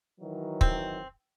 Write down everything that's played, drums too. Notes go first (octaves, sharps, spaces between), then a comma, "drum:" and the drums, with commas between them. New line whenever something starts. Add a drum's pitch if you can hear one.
D#3 E3 F#3
C4, drum: kick